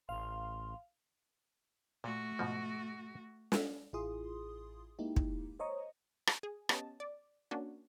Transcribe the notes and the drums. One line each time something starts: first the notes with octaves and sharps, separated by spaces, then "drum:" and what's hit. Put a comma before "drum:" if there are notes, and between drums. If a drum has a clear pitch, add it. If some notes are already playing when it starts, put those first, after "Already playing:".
A1 F5 C6
A#2 A3 F#4
G#2 B2 F3
drum: snare
A1 E4 F4 G#4 C6 D#6
G#3 A#3 D#4 E4 G4
drum: kick
C5 C#5 D#5 A#5 C#6 D#6
drum: rim click
G#4
B3 C#4 G4 D#5 A5, drum: rim click
D5
A#3 C#4 D4 F#4